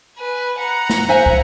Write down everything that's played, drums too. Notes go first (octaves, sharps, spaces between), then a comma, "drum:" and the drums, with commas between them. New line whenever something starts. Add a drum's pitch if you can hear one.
B4 G#5
F#5 A#5
drum: snare
C5 E5 G#5
drum: kick